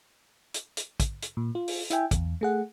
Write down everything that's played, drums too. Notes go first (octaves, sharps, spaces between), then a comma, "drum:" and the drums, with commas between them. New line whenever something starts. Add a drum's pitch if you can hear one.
drum: hi-hat
drum: hi-hat
drum: kick, hi-hat
drum: hi-hat
A#2
F4
drum: open hi-hat
E4 E5 G5 G#5, drum: hi-hat
E2, drum: kick, hi-hat
A3 G#4 F#5